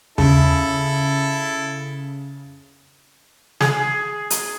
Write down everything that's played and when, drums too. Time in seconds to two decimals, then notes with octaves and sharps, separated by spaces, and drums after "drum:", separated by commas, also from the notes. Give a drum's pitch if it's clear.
0.18 C#3 E4 A4, drum: tom D#2
3.61 G#4, drum: snare
4.30 drum: hi-hat